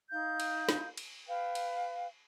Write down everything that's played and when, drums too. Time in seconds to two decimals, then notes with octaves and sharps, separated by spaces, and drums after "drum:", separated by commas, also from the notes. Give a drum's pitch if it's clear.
0.11 D#4 F5 G6
0.40 drum: cymbal
0.69 drum: snare
0.97 drum: cymbal
1.27 B4 F5 G5
1.55 drum: cymbal